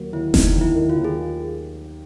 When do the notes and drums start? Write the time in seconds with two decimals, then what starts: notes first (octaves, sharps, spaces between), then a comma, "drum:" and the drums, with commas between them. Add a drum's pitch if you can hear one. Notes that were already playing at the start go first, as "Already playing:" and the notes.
Already playing: D#2 F#3 A#3
0.13 D#2 E4
0.34 D#2 D#4, drum: snare F1
0.55 D#2
0.61 E4
0.75 D#3
0.90 F4
0.96 D#2
1.04 G#4